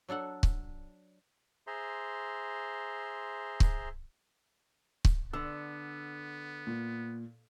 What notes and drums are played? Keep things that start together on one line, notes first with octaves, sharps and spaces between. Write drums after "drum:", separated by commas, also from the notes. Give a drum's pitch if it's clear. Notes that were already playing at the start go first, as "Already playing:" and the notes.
F#3 D4 A4 F#5
drum: kick C#1
G#4 C5 E5 A#5 C6
drum: kick C#1
drum: kick C#1
D3 B3 E6
A#2